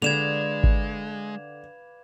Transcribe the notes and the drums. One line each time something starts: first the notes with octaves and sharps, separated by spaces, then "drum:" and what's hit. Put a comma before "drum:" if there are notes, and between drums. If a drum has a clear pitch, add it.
D3 G#3 B4 D5 F5 G#6 E7 F7
drum: kick G#1